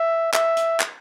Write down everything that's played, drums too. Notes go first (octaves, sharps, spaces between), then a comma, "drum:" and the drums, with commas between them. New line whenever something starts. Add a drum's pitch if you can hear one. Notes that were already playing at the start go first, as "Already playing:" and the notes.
Already playing: E5
E5, drum: clap
drum: hi-hat
drum: clap